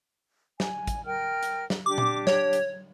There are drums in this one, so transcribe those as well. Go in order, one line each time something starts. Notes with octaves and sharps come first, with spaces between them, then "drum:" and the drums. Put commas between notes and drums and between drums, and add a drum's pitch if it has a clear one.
G#5, drum: snare
drum: kick, hi-hat
A#4 G5 F6
drum: hi-hat
drum: snare
D4 G4 D6
drum: tom A#2
C#5, drum: snare
drum: hi-hat